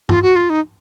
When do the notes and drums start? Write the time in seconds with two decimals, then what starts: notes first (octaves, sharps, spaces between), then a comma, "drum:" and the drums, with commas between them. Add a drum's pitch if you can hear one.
0.09 F4, drum: tom G2
0.22 F#4
0.36 F4
0.50 D#4